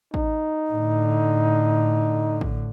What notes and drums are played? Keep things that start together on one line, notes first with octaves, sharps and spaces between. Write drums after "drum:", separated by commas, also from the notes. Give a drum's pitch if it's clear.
D#4, drum: kick A1
A2 D3
drum: kick A1